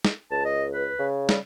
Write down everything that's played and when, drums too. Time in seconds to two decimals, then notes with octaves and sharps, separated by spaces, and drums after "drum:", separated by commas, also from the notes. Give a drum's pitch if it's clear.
0.05 drum: snare
0.31 C#2 A5
0.45 D#5
0.72 B4
0.99 C#3
1.29 G3, drum: snare